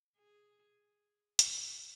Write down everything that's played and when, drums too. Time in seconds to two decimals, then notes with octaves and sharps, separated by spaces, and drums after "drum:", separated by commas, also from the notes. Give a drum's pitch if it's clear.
0.17 G#4
1.39 drum: hi-hat